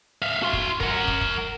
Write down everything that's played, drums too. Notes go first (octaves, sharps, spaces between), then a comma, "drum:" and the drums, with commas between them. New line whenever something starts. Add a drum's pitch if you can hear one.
E5 F5
F#4 C6
drum: kick
A#4 F#5, drum: kick
drum: kick
drum: kick